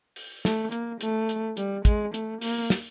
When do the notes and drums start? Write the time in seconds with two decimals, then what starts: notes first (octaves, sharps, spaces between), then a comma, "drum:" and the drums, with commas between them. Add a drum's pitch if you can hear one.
0.16 drum: open hi-hat
0.45 A3, drum: snare
0.72 A#3, drum: hi-hat
1.01 A3, drum: hi-hat
1.29 drum: hi-hat
1.57 G3, drum: hi-hat
1.85 G#3, drum: kick, hi-hat
2.14 A3, drum: hi-hat
2.41 A#3, drum: open hi-hat
2.70 drum: snare